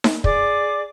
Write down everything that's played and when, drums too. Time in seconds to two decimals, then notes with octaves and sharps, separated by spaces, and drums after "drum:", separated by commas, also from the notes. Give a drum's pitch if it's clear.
0.04 drum: snare D#4
0.24 G#4 D5 D6, drum: kick